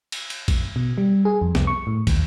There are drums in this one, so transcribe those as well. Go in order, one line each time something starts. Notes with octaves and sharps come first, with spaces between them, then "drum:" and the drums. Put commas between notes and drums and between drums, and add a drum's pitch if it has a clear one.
drum: cymbal
drum: cymbal
drum: kick, cymbal
B2
G3
G#4
F2
C2, drum: snare
C#6
A2
D#2, drum: kick, cymbal